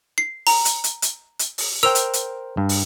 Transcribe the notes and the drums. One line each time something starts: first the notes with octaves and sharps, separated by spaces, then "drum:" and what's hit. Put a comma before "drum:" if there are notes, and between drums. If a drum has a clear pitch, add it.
C7
A#5, drum: open hi-hat
drum: hi-hat
drum: hi-hat
drum: hi-hat
drum: hi-hat
drum: open hi-hat
A#4 C5 G5 E6 F7
drum: hi-hat
drum: hi-hat
G2
drum: open hi-hat